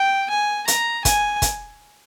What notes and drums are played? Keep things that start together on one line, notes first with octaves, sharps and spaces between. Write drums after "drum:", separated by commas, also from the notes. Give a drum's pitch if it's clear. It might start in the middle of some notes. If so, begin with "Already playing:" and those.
Already playing: G5
G#5
A#5, drum: hi-hat
G#5, drum: kick, hi-hat
drum: kick, hi-hat